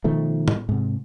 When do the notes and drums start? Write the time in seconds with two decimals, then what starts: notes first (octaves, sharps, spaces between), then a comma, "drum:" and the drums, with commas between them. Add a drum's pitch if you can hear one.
0.04 B2 D#3 F3 A3
0.48 drum: tom
0.69 G#2 C3